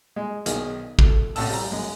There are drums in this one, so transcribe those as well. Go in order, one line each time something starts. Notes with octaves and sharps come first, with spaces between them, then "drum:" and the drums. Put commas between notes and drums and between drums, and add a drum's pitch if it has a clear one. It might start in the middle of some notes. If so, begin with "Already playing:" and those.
G#3
B1 D#3 G#4 A#4, drum: hi-hat
A3, drum: kick
A2 C3 C#4 A5 E6, drum: open hi-hat
G3 A#5
F#2 G#3